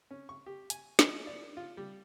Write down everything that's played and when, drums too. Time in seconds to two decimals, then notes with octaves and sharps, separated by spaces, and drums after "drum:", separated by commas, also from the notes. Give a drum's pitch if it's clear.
0.11 C#4
0.29 C#6
0.46 G4
0.70 G#5, drum: hi-hat
0.99 D#5, drum: snare
1.27 D5
1.57 F4
1.77 G3